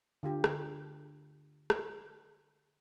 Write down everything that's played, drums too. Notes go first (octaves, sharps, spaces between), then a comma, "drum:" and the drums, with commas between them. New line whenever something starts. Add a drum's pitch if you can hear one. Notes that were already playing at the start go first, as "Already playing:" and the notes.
D3 F4 G4
drum: rim click
drum: rim click